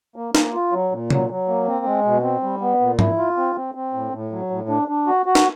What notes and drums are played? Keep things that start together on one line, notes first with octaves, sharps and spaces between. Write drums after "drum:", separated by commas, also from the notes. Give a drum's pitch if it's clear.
A#3
A#3, drum: snare
F4
F#3
A#2
F#3, drum: tom C3
F#3
A#3
C4
G#3
B2
C4
G3
B3
A#2
E4, drum: tom G#2
F4
C4
C4
C4
A2
A2
F#3
A2
D4
D4
F#4
F#4
drum: snare